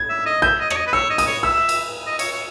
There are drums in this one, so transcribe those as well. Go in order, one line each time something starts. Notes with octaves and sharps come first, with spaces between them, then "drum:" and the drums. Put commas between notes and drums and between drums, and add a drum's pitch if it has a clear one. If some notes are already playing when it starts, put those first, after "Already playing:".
Already playing: G#6
E5
D#5
E5 G6
D#5
C#5, drum: rim click
D#5
B4
C#5 E6
D#5
D#6, drum: cymbal
C#5
E5 E6
drum: cymbal
D#5
C#5, drum: cymbal
C#5